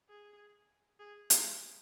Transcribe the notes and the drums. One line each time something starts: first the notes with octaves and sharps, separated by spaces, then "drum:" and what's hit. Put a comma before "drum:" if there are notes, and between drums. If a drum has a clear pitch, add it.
G#4
G#4
G#4, drum: hi-hat